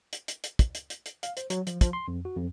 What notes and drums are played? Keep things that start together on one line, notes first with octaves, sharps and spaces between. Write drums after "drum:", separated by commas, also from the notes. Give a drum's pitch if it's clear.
drum: hi-hat
drum: hi-hat
drum: hi-hat
drum: kick, hi-hat
drum: hi-hat
drum: hi-hat
drum: hi-hat
F5, drum: hi-hat
C5, drum: hi-hat
F#3, drum: hi-hat
F3, drum: hi-hat
F3, drum: kick, hi-hat
C6
F2
F#4
F2